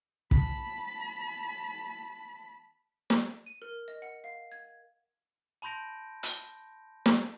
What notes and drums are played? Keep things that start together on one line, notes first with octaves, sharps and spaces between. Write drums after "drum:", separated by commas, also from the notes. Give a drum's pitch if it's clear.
A5 B5, drum: kick
drum: snare
D#7
A#4
D#5
F#5
F5
G#6
A5 B5 C6 G6 A#6 D7
drum: hi-hat
drum: snare